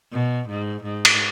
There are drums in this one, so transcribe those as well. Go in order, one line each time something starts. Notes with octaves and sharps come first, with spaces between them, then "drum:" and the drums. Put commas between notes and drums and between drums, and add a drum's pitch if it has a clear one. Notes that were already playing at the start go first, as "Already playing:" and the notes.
B2
G#2
G#2
drum: cymbal